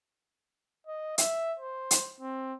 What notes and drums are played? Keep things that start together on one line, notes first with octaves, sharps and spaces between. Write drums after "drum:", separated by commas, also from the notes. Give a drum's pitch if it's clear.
D#5
E5, drum: hi-hat
C5
drum: hi-hat
C4